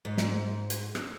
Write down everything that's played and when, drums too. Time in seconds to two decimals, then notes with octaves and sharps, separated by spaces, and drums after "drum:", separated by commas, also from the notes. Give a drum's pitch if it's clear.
0.05 G#2
0.17 drum: snare
0.70 drum: hi-hat
0.95 drum: rim click